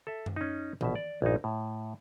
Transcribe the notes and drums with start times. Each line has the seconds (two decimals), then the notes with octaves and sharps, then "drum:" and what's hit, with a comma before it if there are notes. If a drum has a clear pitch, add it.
0.07 A4 E5
0.26 drum: tom F#2
0.36 C#4 D#4
0.81 A#1 B2 E5, drum: tom E3
0.95 D5
1.22 A#1 G2 D#4
1.44 A2